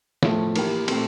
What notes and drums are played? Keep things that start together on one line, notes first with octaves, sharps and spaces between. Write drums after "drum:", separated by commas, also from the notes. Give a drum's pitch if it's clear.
A2 F3 A3, drum: snare
E3 A#3 E4 G4, drum: cymbal
A#2 A3 C4, drum: cymbal